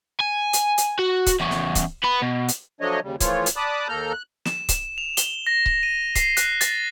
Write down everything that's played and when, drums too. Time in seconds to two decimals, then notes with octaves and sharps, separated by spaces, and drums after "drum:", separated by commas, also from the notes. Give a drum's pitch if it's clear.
0.20 G#5
0.53 drum: hi-hat
0.78 drum: hi-hat
0.99 F#4
1.27 drum: kick C#1, hi-hat
1.40 E2 C#4
1.51 drum: snare
1.75 drum: kick C#1, hi-hat
2.03 B3 B5
2.22 B2
2.49 drum: hi-hat
2.81 F3 F#3 A3 D4 C#5 D#5
3.03 D#2 C#3 G3
3.20 E3 F3 A3 F4 C#5, drum: kick C#1, hi-hat
3.46 drum: hi-hat
3.56 D5 A5 B5 D6 D#6 F#6
3.89 D#2 A#3 A4 A#5 F6 G6
4.13 F#6
4.46 E7, drum: snare
4.69 E7, drum: kick C#1, hi-hat
4.98 F7
5.17 G7, drum: hi-hat
5.47 A#6
5.66 A#6, drum: kick C#1
5.83 D#7
6.15 C7, drum: kick C#1, hi-hat
6.37 F#6, drum: hi-hat
6.61 A6, drum: hi-hat